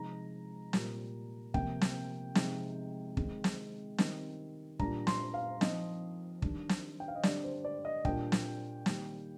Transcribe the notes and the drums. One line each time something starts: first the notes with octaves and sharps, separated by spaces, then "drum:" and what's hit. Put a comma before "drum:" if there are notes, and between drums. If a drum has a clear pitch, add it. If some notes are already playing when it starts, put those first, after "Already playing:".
Already playing: C3 F3 G#3 D#4 A#5
A#2 G3 A#3, drum: snare
C3 F3 A#3 G5, drum: kick
drum: snare
C3 F3 G#3 D#4, drum: snare
D#3 G#3 C4, drum: kick
drum: snare
D#3 G3 C4, drum: snare
A#2 G3 D4 A#5, drum: kick
C6, drum: snare
F5
F3 C4 D#4 D#5, drum: snare
D#3 G3 D4, drum: kick
drum: snare
G5
F5
D#5
D3 G3 D4 D5, drum: snare
C5
D5
D#5
A#2 G3 D4 G5, drum: kick
drum: snare
D#3 G3 A#3, drum: snare